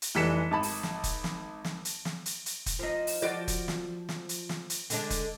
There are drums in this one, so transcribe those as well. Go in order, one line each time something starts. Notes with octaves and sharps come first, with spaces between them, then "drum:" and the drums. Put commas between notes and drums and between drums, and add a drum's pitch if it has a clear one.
drum: hi-hat
F1 E3 G3 B6 C#7 E7
G#1 A5 B5
drum: open hi-hat
drum: snare
drum: kick, hi-hat
drum: snare
drum: snare
drum: hi-hat
drum: snare
drum: hi-hat
drum: hi-hat
drum: kick, hi-hat
F3 D#4
drum: open hi-hat
F3 F#4 D5
drum: kick, hi-hat
drum: snare
drum: snare
drum: hi-hat
drum: snare
drum: hi-hat
D3 G#3 D4, drum: hi-hat
drum: kick, hi-hat